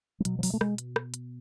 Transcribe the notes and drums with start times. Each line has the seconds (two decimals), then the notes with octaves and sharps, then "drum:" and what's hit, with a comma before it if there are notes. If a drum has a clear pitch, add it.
0.20 G3
0.25 B2 F#3, drum: hi-hat
0.39 F3
0.43 F#3, drum: open hi-hat
0.53 A3
0.61 G#3, drum: rim click
0.78 drum: hi-hat
0.96 drum: rim click
1.14 drum: hi-hat